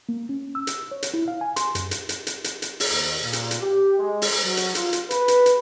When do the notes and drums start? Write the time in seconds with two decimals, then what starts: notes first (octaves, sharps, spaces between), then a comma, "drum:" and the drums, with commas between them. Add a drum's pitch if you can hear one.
0.09 A#3
0.29 C#4
0.55 E6
0.67 drum: hi-hat
0.91 C#5
1.03 drum: hi-hat
1.14 E4
1.28 F5
1.41 G#5
1.56 C6, drum: hi-hat
1.75 F#2, drum: hi-hat
1.91 drum: hi-hat
2.09 drum: hi-hat
2.27 drum: hi-hat
2.44 drum: hi-hat
2.62 drum: hi-hat
2.80 drum: open hi-hat
2.91 D#2
3.23 A#2
3.33 drum: hi-hat
3.51 drum: hi-hat
3.60 G4
3.97 G#3
4.22 drum: open hi-hat
4.42 F#3
4.57 drum: hi-hat
4.75 F4, drum: hi-hat
4.93 drum: hi-hat
5.10 B4, drum: hi-hat
5.28 drum: hi-hat
5.46 drum: hi-hat